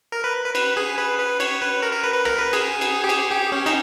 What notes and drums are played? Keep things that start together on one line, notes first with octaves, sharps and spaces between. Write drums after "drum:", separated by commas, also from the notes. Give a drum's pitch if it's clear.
A#4
B4
B4
B4, drum: cymbal
G#4
B4
B4
C#5, drum: cymbal
B4
A#4
A#4
B4
B4
A#4, drum: rim click
B4
G#4, drum: cymbal
drum: cymbal
G4
G#4, drum: cymbal
G4
C#4
D#4, drum: cymbal